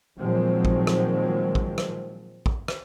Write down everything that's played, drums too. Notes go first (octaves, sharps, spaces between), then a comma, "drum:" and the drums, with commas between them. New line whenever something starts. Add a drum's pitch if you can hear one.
A#2 D#3 F3 F#3 G#3 C4
drum: kick
drum: rim click
drum: kick
drum: rim click
drum: kick
drum: rim click